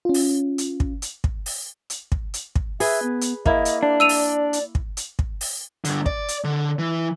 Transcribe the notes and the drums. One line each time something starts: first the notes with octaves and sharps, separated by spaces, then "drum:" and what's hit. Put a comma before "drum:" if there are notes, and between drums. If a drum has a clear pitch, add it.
C#4 F4
drum: open hi-hat
drum: hi-hat
drum: kick
drum: hi-hat
drum: kick
drum: open hi-hat
drum: hi-hat
drum: kick
drum: hi-hat
drum: kick
G#4 B4 E5, drum: open hi-hat
B3
drum: hi-hat
A#3 E4 D#5, drum: kick
drum: hi-hat
D4 D5
E6 D#7 F7
drum: open hi-hat
drum: hi-hat
drum: kick
drum: hi-hat
drum: kick
drum: open hi-hat
G2 D3, drum: hi-hat
D5, drum: kick
drum: hi-hat
D3
E3